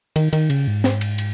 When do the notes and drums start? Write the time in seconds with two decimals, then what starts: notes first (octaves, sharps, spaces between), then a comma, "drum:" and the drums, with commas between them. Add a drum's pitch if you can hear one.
0.16 D#3, drum: cymbal
0.33 D#3, drum: cymbal
0.50 C#3, drum: cymbal
0.68 G#2
0.84 drum: snare
1.01 drum: cymbal
1.18 drum: cymbal